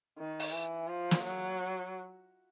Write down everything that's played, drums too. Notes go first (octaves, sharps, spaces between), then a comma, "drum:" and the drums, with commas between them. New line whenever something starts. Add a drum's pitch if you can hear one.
D#3
drum: open hi-hat
E3
F3
drum: snare
F#3